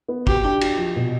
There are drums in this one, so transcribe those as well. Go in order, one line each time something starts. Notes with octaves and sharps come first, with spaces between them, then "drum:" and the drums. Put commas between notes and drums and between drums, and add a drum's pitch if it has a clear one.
B3
F#4 G4, drum: kick
D4
F#4, drum: cymbal
F3
B2